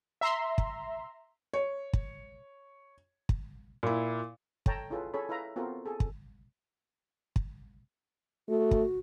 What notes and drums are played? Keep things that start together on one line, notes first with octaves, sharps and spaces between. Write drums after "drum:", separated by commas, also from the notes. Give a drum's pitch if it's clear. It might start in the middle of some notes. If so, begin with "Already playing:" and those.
E5 A#5 C6
drum: kick
C#5
drum: kick
drum: kick
A#2 E4
A4 C#5 G5 A5 A#5, drum: kick
C#4 E4 F4 G#4 A4 B4
C#4 G#4 A4 C#5 B5
E4 B4 E5 F5 A#5
B3 C4 F4 F#4 A4 A#4
G#4 A4
drum: kick
drum: kick
A3 F#4
drum: kick